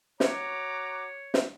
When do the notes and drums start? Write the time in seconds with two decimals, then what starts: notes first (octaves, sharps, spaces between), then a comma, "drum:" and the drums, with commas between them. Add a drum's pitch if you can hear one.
0.20 F#4 C#5 A#5 D6, drum: snare
1.34 drum: snare